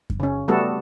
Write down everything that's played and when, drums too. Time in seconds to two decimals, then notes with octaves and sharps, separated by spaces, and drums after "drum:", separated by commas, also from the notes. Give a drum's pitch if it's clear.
0.10 drum: kick F#2
0.20 C#3 C#4
0.48 G3 A3 B3 F#4 A4